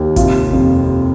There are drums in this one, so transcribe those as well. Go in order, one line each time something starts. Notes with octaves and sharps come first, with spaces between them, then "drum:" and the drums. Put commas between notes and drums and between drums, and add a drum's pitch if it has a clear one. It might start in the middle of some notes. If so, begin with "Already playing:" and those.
Already playing: D#2
C3 F4, drum: kick G#1, hi-hat
F2